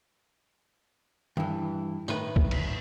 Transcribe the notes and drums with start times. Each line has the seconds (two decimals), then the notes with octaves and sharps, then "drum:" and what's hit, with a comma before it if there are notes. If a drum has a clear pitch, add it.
1.37 G2 E3, drum: tom D#3
2.08 A2 D#3 B4, drum: tambourine
2.36 drum: kick B1
2.51 drum: cymbal